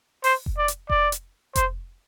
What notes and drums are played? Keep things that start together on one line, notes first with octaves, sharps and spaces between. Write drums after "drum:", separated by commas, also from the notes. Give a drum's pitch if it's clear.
C5, drum: open hi-hat
drum: kick F1
D5
drum: hi-hat
D5, drum: kick F1
drum: hi-hat
C5, drum: kick F1, hi-hat